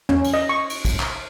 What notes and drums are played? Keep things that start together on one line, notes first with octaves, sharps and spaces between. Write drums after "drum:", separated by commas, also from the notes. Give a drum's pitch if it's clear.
C#4, drum: tom
drum: cymbal
D#5
C#6
drum: cymbal
drum: kick, cymbal
drum: clap